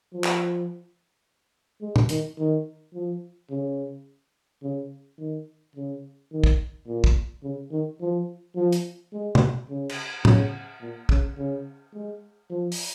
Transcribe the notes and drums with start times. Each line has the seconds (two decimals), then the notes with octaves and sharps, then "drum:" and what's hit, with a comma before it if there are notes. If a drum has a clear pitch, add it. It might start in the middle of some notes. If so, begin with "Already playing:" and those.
0.13 F3
0.24 drum: clap
1.81 G#3
1.96 drum: tom
2.09 D#3, drum: hi-hat
2.38 D#3
2.94 F3
3.50 C#3
4.63 C#3
5.19 D#3
5.76 C#3
6.32 D#3
6.44 drum: kick
6.87 A#2
7.04 drum: kick
7.43 C#3
7.71 D#3
8.01 F3
8.56 F3
8.73 drum: hi-hat
9.13 G#3
9.35 drum: tom
9.69 C#3
9.89 drum: cymbal
10.25 C#3, drum: tom
10.81 A#2
11.09 C#3, drum: kick
11.38 C#3
11.94 G#3
12.50 F3
12.72 drum: open hi-hat